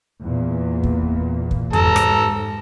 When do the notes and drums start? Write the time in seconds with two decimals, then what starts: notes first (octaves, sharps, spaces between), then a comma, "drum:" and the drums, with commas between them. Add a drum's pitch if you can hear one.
0.23 E2 A#2
0.83 drum: kick
1.51 drum: kick
1.73 G#2 A4 A#5, drum: tom E2
1.96 drum: rim click